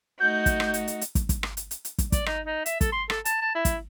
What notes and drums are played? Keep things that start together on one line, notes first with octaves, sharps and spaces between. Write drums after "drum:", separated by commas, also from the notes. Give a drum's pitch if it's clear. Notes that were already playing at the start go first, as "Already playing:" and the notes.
A3 D#4 F#4 G6
drum: kick, hi-hat
drum: rim click
drum: hi-hat
drum: hi-hat
drum: hi-hat
drum: kick, hi-hat
drum: kick, hi-hat
drum: rim click
drum: hi-hat
drum: hi-hat
drum: hi-hat
drum: kick, hi-hat
D5, drum: kick, hi-hat
D#4, drum: rim click
D#4
E5, drum: hi-hat
A4, drum: kick, hi-hat
C6
A4, drum: rim click
A5, drum: hi-hat
A5
E4
drum: kick, hi-hat